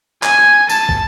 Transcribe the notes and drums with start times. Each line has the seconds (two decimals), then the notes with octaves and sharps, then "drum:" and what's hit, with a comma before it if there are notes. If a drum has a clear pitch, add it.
0.23 G#5, drum: clap
0.69 A5, drum: tambourine
0.89 drum: kick